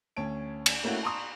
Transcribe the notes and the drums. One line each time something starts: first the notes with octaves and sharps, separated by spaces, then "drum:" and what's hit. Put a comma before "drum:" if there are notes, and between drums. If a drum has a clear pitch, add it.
D2 C#4 A5 D7
drum: cymbal
A3 A#3 C#4 E4 F#4
A5 A#5 C6 C#6 D#6